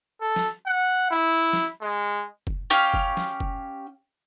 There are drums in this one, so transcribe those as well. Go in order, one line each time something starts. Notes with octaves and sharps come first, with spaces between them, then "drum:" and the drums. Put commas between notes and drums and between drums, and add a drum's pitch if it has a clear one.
A4
drum: snare
F#5
E4
drum: snare
G#3
drum: kick F#1
C#4 G4 F5
drum: kick F#1
drum: snare
drum: kick F#1